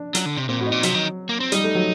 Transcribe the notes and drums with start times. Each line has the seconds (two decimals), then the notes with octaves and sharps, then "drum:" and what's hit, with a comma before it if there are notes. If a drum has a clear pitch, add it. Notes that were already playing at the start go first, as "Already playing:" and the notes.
Already playing: D4
0.15 F#3, drum: hi-hat
0.26 D3
0.37 C3
0.49 A#2 C4
0.60 A2 F#4
0.66 D#4
0.72 A#2
0.83 C3 F#3, drum: hi-hat
0.95 D#3
1.29 A#3
1.40 C4
1.52 G3 D#4, drum: hi-hat
1.64 A3
1.75 F#3